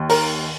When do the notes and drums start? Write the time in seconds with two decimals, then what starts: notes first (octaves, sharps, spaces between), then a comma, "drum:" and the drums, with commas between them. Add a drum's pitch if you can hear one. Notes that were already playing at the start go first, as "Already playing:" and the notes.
Already playing: D#2 D#3
0.10 A#4, drum: open hi-hat